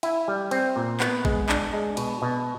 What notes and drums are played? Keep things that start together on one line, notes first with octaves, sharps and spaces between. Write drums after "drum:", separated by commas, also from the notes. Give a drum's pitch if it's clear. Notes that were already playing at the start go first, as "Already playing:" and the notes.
E4, drum: cymbal
G3
C4, drum: cymbal
A#2
B3, drum: clap
G#3, drum: kick
D4, drum: clap
G#3
B2, drum: cymbal
B2